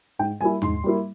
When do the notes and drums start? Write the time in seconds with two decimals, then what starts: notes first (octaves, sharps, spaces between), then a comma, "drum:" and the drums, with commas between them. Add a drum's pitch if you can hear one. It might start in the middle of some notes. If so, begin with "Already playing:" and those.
0.19 G#2 G5
0.41 G3 A#3 E4 G#5
0.62 G#2 C6, drum: tom
0.84 G3 A#3 E4